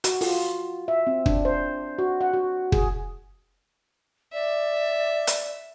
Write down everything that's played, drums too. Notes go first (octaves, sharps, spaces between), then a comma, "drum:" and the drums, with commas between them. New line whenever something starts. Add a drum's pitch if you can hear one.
F#4, drum: hi-hat
F4, drum: open hi-hat
E5
C4
D4, drum: kick
C5
F#4
F#5
F#4
G#4, drum: kick
D5 E5
drum: hi-hat